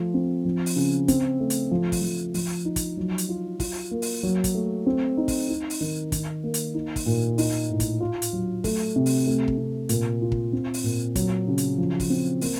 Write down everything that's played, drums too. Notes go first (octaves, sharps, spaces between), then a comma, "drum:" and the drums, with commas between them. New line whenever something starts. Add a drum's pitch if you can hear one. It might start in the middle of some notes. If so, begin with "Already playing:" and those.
Already playing: F3 A3
C4
F3
drum: open hi-hat
C#3
C4, drum: kick, hi-hat
A3
drum: hi-hat
F3
drum: kick, open hi-hat
F3
F3, drum: open hi-hat
D#4
drum: kick, hi-hat
F#3
drum: hi-hat
F4
F4, drum: kick, open hi-hat
A#3
drum: open hi-hat
F#3
drum: kick, hi-hat
A3
C4
D#4
drum: kick, open hi-hat
D#4
drum: open hi-hat
D#3
D#3, drum: kick, hi-hat
A#3
drum: hi-hat
D#4
drum: kick, open hi-hat
A#2
D#4, drum: open hi-hat
A2
drum: kick, hi-hat
F4
drum: hi-hat
F#3
A3, drum: kick, open hi-hat
C3
drum: open hi-hat
A3
drum: kick
C3
A#2, drum: hi-hat
F4
drum: kick
C4
drum: open hi-hat
A#2
F#3, drum: kick, hi-hat
C#3
drum: hi-hat
F3
drum: kick, open hi-hat
C4
A#3, drum: open hi-hat